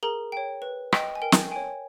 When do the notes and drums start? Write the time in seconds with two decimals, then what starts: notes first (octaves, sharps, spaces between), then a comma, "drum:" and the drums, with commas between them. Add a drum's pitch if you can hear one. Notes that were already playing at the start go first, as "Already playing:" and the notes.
0.03 G#4 A#4 A#5
0.32 C#5 G5
0.62 B4
0.93 D#5 G5, drum: rim click
1.15 G#5
1.22 A#4 G5
1.32 drum: snare
1.51 C#5 G5 G#5